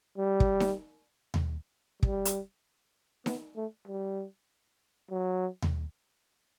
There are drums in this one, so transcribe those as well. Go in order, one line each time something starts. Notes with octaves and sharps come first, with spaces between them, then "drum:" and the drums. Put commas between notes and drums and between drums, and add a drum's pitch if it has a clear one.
G3
drum: kick
drum: snare D#4
drum: tom D#2
G3, drum: kick
drum: hi-hat
B3, drum: snare D#4
A3
G3
F#3
drum: tom D#2